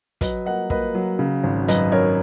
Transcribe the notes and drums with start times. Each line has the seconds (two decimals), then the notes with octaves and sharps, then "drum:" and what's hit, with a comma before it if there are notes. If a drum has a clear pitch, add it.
0.21 F#3 B4 D#5, drum: kick, hi-hat
0.45 A#3 D#5 F#5
0.70 A#3 B4 D#5, drum: kick
0.95 F#3
1.19 C#3
1.44 G#1
1.68 F#2 B4 D#5, drum: hi-hat
1.92 F#2 A#4 C#5